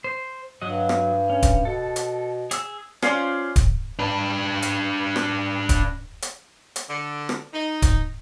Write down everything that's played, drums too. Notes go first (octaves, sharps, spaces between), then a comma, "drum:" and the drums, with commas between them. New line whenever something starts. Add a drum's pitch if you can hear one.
C5
G2 F#3 F#4 D#5
drum: rim click
C#4
drum: kick D1, hi-hat
B2 A4
drum: hi-hat
G#4 E6, drum: hi-hat
C#4 F4 C5 D5, drum: rim click
drum: kick D1, hi-hat
D4 B4
drum: hi-hat
drum: rim click
drum: kick D1, hi-hat
drum: hi-hat
drum: hi-hat
D3
drum: rim click
D#4
drum: kick D1, hi-hat